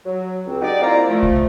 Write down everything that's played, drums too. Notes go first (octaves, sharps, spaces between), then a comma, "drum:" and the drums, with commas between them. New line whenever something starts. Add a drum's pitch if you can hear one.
F#3
C#2 C4
D#4 F#4 G4 D5
A#3 C4 E4 F4 D5 A#5
F3 A3
drum: kick